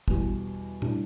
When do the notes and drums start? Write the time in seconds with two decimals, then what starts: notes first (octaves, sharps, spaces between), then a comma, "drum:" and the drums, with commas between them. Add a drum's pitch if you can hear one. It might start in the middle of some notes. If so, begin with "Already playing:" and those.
0.08 E2 B2 G3, drum: kick
0.82 A2 G3 D4, drum: tom A#2